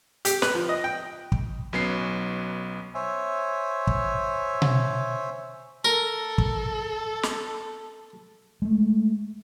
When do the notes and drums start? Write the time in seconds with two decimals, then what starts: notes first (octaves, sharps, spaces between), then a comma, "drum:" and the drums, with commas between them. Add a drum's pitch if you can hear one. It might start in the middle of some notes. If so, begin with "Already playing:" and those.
0.25 G4, drum: hi-hat
0.42 B4, drum: snare
0.55 F3
0.69 D#5
0.84 G5
1.32 drum: kick
1.73 B1 F#3 B3 C#4 C7
2.95 C5 C#5 E5 G#5
3.87 drum: kick
4.62 drum: tom B2
5.85 A4 A#4
6.38 drum: kick
7.23 drum: snare
8.62 G#3 A3